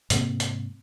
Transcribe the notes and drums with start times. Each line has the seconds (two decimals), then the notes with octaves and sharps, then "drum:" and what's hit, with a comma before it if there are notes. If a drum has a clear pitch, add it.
0.10 G#2 C3 A#3 C4, drum: hi-hat
0.40 drum: hi-hat